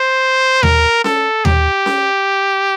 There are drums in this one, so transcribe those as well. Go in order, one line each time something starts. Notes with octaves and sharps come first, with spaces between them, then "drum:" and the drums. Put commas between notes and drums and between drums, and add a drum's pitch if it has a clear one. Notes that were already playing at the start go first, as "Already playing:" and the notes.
Already playing: C5
A#4, drum: tom D#2
A4, drum: snare C#4
G4, drum: tom D#2
drum: snare C#4